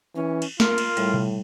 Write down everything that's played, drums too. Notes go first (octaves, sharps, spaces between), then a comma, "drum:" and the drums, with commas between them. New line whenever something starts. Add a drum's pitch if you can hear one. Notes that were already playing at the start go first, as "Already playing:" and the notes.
E3 C#4
drum: cymbal
A#3 F4 A#4, drum: snare
drum: cymbal
A2 G3, drum: cymbal
drum: tom B2